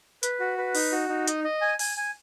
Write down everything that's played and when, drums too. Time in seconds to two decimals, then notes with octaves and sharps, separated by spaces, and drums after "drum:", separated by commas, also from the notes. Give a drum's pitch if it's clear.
0.23 B4, drum: hi-hat
0.40 F#4
0.58 B4
0.75 D#4, drum: open hi-hat
0.92 F#4
1.09 D#4
1.28 D#5, drum: hi-hat
1.44 D#5
1.61 G#5
1.79 G#5, drum: open hi-hat
1.97 G#5